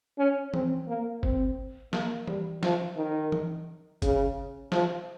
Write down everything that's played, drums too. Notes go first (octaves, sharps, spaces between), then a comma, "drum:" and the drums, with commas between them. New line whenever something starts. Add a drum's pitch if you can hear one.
C#4
C4, drum: tom E3
A#3
C4, drum: kick
A#3, drum: snare
G3, drum: tom E3
F3, drum: snare
D#3
drum: tom E3
C#3, drum: kick, hi-hat
F3, drum: snare